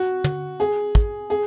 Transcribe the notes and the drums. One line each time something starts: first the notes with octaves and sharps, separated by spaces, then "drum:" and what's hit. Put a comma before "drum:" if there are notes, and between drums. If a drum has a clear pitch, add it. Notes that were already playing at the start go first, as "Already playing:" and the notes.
Already playing: F#4
drum: tom
G#4, drum: hi-hat
drum: kick
G#4, drum: hi-hat